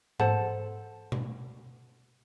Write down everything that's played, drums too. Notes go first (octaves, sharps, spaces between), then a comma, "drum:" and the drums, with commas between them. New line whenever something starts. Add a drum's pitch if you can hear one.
A4 C5 F#5 A5, drum: tom G#2
drum: tom B2